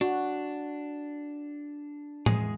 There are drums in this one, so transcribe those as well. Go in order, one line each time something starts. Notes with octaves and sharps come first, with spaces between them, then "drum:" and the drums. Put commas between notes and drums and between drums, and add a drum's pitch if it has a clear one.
D4 F#4
E2 G#3 G#4, drum: tom A2